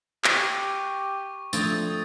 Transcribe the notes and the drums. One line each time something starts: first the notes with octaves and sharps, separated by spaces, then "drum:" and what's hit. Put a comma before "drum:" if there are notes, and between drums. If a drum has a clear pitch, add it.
G4 C#6, drum: clap
F3 A3 C4 D4 D#6 G#6 A6, drum: tambourine